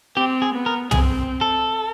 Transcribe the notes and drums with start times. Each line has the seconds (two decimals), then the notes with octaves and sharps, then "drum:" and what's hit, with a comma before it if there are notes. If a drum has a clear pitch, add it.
0.17 C4 G4
0.42 G#4
0.55 B3
0.66 A#4
0.91 C4 G#4, drum: tom
1.41 A4